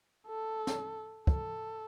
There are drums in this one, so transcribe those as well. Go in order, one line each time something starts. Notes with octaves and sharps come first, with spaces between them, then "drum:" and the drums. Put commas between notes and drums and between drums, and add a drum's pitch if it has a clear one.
A4
drum: snare
A4, drum: kick